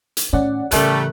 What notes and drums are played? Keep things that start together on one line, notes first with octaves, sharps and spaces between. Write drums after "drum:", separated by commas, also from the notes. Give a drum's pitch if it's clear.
drum: hi-hat
A2 D#3 C#4 D5 F#5
A2 C#3 E3 G3 A3 A#4 F#6, drum: hi-hat